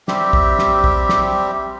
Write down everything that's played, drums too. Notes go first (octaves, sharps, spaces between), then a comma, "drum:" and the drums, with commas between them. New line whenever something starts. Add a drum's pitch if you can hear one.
G3 C4 G4 E5, drum: snare
drum: kick
drum: snare
drum: kick
drum: snare